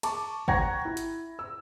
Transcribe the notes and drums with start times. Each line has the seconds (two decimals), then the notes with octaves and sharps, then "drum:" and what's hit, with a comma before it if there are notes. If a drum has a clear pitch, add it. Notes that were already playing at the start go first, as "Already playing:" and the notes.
0.03 A5 C#6 D6, drum: cymbal
0.48 F#5 G5 A#5 C#6 G#6 A#6, drum: kick G#1
0.85 E4
0.97 drum: hi-hat
1.39 E6